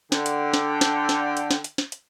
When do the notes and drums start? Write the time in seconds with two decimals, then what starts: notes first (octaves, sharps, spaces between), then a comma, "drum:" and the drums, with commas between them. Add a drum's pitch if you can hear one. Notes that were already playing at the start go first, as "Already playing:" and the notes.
0.12 D3 G5, drum: snare
0.26 drum: hi-hat
0.54 drum: snare
0.81 drum: snare
1.09 drum: snare
1.37 drum: hi-hat
1.51 drum: snare
1.64 drum: hi-hat
1.78 drum: snare
1.92 drum: hi-hat